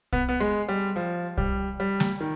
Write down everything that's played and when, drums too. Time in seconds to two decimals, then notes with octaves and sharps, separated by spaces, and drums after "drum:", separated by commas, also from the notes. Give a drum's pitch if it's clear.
0.13 B3, drum: kick
0.29 B3
0.40 G#3
0.68 G3
0.96 F3
1.37 G3, drum: kick
1.80 G3
2.00 drum: snare
2.20 D#3